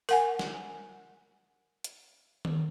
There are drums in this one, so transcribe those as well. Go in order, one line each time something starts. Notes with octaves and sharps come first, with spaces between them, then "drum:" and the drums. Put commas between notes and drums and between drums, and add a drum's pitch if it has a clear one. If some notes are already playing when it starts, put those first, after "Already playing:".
A#4 F#5 G#5, drum: open hi-hat
drum: snare
drum: hi-hat
drum: tom D#3